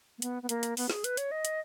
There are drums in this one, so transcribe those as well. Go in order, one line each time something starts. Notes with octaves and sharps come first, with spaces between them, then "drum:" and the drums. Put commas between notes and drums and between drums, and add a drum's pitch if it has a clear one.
A#3
B3, drum: hi-hat
B3
A#3, drum: hi-hat
drum: hi-hat
B3, drum: open hi-hat
G#4, drum: snare
B4, drum: hi-hat
C#5, drum: hi-hat
D#5
drum: hi-hat